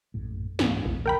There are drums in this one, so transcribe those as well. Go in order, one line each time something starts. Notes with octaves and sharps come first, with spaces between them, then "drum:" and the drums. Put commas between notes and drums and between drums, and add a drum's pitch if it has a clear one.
A#1 F#2 A2
C#2 G#2 E3, drum: snare
D1 A#1 E2 C3
A#4 G5 B5